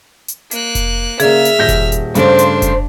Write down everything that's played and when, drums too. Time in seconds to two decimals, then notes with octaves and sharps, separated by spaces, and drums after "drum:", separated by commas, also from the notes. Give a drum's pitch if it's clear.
0.28 drum: hi-hat
0.51 A#3 F#6, drum: hi-hat
0.75 drum: kick F1, hi-hat
1.20 C#3 A#3 G#4 D5 E5 F6, drum: hi-hat
1.45 drum: hi-hat
1.59 D#1 G6 A#6
1.68 drum: kick F1, hi-hat
1.92 drum: hi-hat
2.15 G2 C#3 A3 D4 C5, drum: hi-hat
2.39 drum: hi-hat
2.62 drum: kick F1, hi-hat